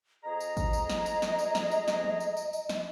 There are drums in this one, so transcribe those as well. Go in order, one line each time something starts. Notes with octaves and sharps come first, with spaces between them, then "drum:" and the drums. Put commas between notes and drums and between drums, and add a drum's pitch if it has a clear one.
F2 G#4 D#5 A#5
drum: tambourine
drum: kick, tambourine
drum: tambourine
drum: snare
drum: tambourine
drum: snare
drum: tambourine
drum: snare
drum: tambourine
drum: snare
drum: tom
drum: tambourine
drum: tambourine
drum: tambourine
drum: snare